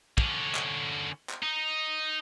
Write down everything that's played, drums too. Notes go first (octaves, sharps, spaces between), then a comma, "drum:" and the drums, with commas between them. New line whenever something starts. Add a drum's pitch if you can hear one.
D3 C#4, drum: kick
drum: clap
drum: clap
D#4